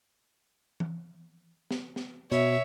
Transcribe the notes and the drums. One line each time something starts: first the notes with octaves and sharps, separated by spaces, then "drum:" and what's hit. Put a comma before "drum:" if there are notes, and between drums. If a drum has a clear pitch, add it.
drum: tom E3
drum: snare B3
drum: snare B3
B2 C#5 E5, drum: hi-hat